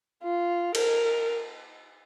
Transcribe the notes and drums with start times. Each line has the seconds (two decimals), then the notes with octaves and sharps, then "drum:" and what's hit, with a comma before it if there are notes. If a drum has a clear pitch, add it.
0.23 F4
0.75 A#4, drum: cymbal